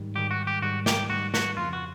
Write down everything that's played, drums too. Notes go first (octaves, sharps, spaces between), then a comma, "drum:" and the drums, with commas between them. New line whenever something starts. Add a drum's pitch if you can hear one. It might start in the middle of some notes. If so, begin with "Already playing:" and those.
Already playing: G#2 D#3 G3
G#2 D#3 G3 G4
F#4
G4
G#2 D#3 G3 F#4
G4, drum: snare
G#2 D#3 G3 F#4
F#4, drum: snare
F2 C#3 F3 F4
F#4